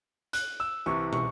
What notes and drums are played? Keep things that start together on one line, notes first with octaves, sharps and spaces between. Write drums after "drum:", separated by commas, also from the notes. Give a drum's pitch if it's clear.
F#6, drum: hi-hat
E6
C2 C3 E3 C#6
C#6, drum: tom